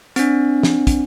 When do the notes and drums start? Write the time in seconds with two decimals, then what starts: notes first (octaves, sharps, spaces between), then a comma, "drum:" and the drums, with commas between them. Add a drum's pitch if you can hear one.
0.16 C4 D4, drum: hi-hat
0.63 drum: snare
0.87 drum: kick, hi-hat